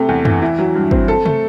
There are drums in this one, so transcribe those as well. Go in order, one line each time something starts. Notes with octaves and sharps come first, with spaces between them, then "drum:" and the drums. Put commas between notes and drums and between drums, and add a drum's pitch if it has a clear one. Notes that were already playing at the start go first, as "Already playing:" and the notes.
Already playing: C3 A3
E2
E3, drum: tom F#2
E4
F#3
G2
C4, drum: kick
A4
A3, drum: tom C3